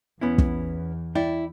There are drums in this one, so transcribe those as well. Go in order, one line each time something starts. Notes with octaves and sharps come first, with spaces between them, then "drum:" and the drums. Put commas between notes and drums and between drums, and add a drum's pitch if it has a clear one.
E2 B3 C#4 E4
drum: kick
E4 D5 G5